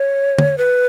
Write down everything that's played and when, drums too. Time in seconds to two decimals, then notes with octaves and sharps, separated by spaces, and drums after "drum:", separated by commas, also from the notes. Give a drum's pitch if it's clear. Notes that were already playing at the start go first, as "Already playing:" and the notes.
Already playing: C#5
0.38 drum: tom
0.58 B4